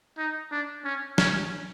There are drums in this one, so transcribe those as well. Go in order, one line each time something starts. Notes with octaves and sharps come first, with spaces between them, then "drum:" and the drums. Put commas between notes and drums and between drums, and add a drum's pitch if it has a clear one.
D#4
D4
C#4
C#4, drum: snare